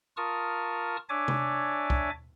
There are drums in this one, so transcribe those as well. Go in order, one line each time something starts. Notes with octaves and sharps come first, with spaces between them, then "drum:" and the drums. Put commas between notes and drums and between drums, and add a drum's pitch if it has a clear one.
F4 A#4 A5 C#6 D#6 F6
D4 C#5 D5 E5 G#5 D6
drum: tom C3
drum: kick